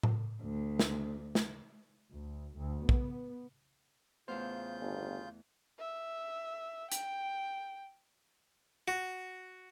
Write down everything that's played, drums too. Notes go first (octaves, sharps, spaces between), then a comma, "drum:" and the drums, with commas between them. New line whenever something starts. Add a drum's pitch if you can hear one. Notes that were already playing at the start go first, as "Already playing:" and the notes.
drum: tom A2
D2
drum: snare
drum: snare
D2
D2
B3, drum: kick A#1
E2 C#3 A3 B3 F4 C5 F5 G6
G1
E5
G5, drum: hi-hat
F#4